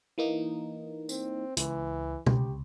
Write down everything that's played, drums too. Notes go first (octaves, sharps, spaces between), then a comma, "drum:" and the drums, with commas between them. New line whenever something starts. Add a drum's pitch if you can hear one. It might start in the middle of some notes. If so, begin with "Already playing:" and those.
E3 A#3 D#4
C4, drum: tambourine
C#2 E3, drum: hi-hat
C#2 G4, drum: tom B2